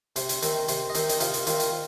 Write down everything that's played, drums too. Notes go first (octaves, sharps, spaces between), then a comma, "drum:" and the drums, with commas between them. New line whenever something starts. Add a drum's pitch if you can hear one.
C3 C5, drum: hi-hat
drum: hi-hat
D#3 C4, drum: hi-hat
C3 C5, drum: hi-hat
D#5
D#3 C4 C5, drum: hi-hat
D#4, drum: hi-hat
C3 F4, drum: hi-hat
drum: hi-hat
D#3 C4 F4, drum: hi-hat
drum: hi-hat